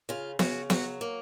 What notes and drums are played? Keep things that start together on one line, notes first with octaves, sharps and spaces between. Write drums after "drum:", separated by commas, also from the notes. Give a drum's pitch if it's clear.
C#3 F4
C#3 F#4, drum: snare B3
F#3 F#4, drum: snare B3
A#3